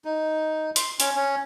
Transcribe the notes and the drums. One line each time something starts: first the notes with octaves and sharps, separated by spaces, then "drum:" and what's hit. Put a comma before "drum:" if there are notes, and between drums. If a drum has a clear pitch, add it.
D#4
C6, drum: hi-hat
C#4, drum: hi-hat
C#4